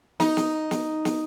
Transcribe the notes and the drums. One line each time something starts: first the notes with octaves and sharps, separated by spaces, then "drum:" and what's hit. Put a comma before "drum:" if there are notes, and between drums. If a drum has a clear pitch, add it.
D#4, drum: snare
drum: snare
drum: snare
drum: snare